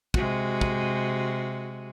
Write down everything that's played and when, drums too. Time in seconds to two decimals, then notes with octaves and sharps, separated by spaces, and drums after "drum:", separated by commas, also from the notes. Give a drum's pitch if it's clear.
0.14 C3 G#3 F#4, drum: kick
0.61 drum: kick